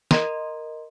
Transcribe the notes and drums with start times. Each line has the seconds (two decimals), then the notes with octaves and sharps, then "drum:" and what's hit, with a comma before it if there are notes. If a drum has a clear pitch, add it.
0.11 A#4 D#5 A#5 C6, drum: snare